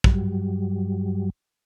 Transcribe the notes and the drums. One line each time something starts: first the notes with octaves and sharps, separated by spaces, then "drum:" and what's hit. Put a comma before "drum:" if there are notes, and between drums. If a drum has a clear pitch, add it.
G2 F#3 G3, drum: kick